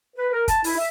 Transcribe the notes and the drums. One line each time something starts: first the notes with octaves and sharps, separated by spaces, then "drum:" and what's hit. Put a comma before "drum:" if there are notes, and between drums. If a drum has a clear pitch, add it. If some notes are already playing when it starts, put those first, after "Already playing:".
B4
A#4
A5, drum: kick, hi-hat
E4, drum: open hi-hat
E5